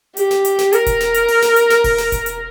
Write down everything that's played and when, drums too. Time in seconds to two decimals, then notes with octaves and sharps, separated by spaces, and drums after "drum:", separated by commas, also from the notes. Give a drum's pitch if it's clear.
0.17 G4, drum: hi-hat
0.31 drum: snare
0.45 drum: hi-hat
0.59 drum: snare
0.73 A#4, drum: hi-hat
0.86 drum: kick E1, hi-hat
1.00 drum: snare
1.14 drum: hi-hat
1.28 drum: open hi-hat
1.42 drum: snare
1.56 drum: hi-hat
1.70 drum: snare
1.84 drum: kick E1, open hi-hat
1.98 drum: snare
2.12 drum: kick E1, hi-hat
2.26 drum: hi-hat